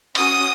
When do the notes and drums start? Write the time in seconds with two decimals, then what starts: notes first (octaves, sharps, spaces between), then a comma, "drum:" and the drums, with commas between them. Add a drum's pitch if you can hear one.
0.15 C#4 F#4 D#6, drum: cymbal